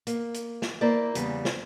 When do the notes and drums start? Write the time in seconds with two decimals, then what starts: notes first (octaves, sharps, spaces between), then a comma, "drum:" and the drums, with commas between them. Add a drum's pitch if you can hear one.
0.07 A#3, drum: hi-hat
0.34 drum: hi-hat
0.62 drum: snare
0.81 A#3 E4 C5 D5
1.15 E2 C#3 G3, drum: hi-hat
1.45 drum: snare